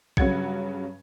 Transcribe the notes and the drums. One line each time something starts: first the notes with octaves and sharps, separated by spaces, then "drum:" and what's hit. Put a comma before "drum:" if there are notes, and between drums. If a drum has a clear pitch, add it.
G2 C#3 F#3 F#5 G#6 C#7, drum: kick A#1